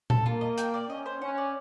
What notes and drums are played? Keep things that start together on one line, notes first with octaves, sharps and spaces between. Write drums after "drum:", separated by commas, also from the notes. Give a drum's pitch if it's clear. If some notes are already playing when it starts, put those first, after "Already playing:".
A4, drum: tom A#2
A#3 F4
D#5
G5, drum: hi-hat
D5
C#4 D#5
C5
C#4 F#5
D5